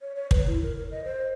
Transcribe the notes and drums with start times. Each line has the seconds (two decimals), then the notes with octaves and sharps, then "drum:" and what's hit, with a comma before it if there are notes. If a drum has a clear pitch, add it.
0.01 C#5
0.15 C#5
0.31 B4, drum: kick
0.47 E4
0.63 A#4
0.77 A#4
0.91 D#5
1.05 C5